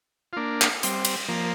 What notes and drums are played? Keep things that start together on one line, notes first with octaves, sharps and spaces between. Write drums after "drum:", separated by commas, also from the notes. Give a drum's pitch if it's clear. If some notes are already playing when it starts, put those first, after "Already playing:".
F4
A#3 D4
drum: clap
G3 C4, drum: hi-hat
drum: cymbal
F3 A#3